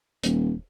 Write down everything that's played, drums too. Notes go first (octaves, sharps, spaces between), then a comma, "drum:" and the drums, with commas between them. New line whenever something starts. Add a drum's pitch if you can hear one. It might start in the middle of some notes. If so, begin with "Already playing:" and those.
D#1, drum: hi-hat